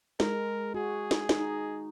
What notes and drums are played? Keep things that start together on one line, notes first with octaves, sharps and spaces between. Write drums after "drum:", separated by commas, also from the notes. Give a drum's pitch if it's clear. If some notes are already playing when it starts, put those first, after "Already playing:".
G#3 A#4, drum: snare
F#4 G#4
drum: snare
D#4, drum: snare